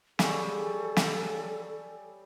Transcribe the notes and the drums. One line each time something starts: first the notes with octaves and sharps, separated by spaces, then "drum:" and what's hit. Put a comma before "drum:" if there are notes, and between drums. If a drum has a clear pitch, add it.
G3 G#4 A4 C#5, drum: snare
drum: snare